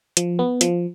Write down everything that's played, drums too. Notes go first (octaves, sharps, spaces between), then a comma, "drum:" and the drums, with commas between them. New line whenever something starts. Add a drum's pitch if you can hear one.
F3, drum: hi-hat
B3
F3, drum: hi-hat